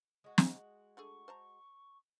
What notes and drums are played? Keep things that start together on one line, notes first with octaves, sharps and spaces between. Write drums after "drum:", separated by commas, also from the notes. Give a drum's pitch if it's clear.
G#3 F#4
drum: snare
D3 A3 G#4 C#6
C5 A5 A#5